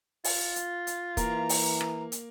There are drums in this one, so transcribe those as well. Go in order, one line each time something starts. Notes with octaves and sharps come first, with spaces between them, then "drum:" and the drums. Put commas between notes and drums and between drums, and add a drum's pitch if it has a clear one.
F4, drum: open hi-hat
drum: hi-hat
drum: hi-hat
E3 A#3 A#5, drum: kick, hi-hat
drum: open hi-hat
drum: rim click
drum: hi-hat